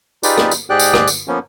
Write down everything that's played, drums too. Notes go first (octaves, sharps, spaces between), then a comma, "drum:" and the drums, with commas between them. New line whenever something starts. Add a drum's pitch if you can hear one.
D#4 F4 G4 G#4 B4 D5, drum: tambourine
drum: rim click
drum: tambourine
G#2 G4 G#4 D5 G5 F#6
drum: tambourine
drum: rim click
drum: tambourine
F3 A#3 B3 C#4